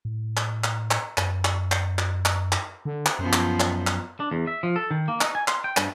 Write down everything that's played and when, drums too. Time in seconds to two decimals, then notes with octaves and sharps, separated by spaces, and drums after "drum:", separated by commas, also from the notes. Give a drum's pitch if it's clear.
0.05 A2
0.37 drum: clap
0.64 drum: clap
0.91 drum: clap
1.18 F#2, drum: clap
1.45 drum: clap
1.72 drum: clap
1.99 drum: clap
2.25 drum: clap
2.52 drum: clap
2.85 D3
3.06 drum: clap
3.19 F#2 F3 B3 C5
3.33 drum: clap
3.60 drum: clap
3.87 drum: clap
4.20 D4
4.31 E2
4.47 E5
4.63 F3
4.76 A4
4.91 D#3
5.08 A#3
5.21 D#4, drum: clap
5.35 G#5
5.48 C6, drum: clap
5.64 G5
5.77 G2, drum: clap